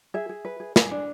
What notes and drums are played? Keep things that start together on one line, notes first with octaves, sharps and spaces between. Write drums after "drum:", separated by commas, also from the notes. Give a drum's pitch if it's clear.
G#4 E5
G#4
B4
G#4
G#4, drum: snare
D4